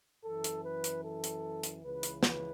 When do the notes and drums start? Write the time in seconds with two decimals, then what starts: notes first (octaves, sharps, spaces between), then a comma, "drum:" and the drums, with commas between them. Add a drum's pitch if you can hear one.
0.24 F#2 E3 A4
0.44 drum: hi-hat
0.64 B4
0.84 drum: hi-hat
1.04 A4
1.24 drum: hi-hat
1.63 drum: hi-hat
1.83 C#2 C#3 E3 B4
2.03 drum: hi-hat
2.23 B4, drum: snare